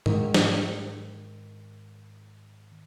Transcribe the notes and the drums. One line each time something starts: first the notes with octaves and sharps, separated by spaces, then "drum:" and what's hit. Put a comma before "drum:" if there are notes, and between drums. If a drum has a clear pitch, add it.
G#2 D#3, drum: tom G#2
drum: snare